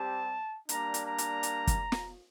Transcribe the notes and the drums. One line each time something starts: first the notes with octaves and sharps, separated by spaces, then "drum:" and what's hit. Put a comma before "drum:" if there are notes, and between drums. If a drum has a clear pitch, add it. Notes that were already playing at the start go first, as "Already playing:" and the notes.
Already playing: G3 C4 G4 A5
G3 A#3 D4 A#5, drum: hi-hat
drum: hi-hat
A#5
drum: hi-hat
drum: hi-hat
drum: kick, hi-hat
drum: snare